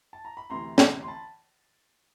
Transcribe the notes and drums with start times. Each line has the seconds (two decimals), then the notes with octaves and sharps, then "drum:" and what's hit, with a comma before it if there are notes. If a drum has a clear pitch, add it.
0.13 A5
0.25 A#5
0.37 B5
0.50 D2 C3 E3 A#5 C6
0.78 drum: snare
1.03 C6
1.08 A5 B5